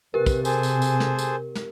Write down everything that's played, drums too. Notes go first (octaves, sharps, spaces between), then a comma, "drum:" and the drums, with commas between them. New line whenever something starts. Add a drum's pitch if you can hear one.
C3 G4 A#4 B4
drum: kick, tambourine
G#4 A4 C5 G#5, drum: tambourine
drum: tambourine
drum: tambourine
drum: snare
drum: tambourine
drum: snare